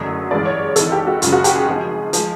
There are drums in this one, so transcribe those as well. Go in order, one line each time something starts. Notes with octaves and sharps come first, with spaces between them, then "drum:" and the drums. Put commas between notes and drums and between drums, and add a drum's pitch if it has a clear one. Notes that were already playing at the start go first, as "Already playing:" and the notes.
Already playing: F#1 F#2 D3 F#3 A3 D#5
A1 G2 E3 G#3 D5
C#5
G#1 G#2 E3 A4, drum: hi-hat
G4
F#4
F#1 F#2 C#3 F#3 F4, drum: hi-hat
F#4
G4, drum: hi-hat
G#4
G#1 G#2 F3
F3 G#3, drum: hi-hat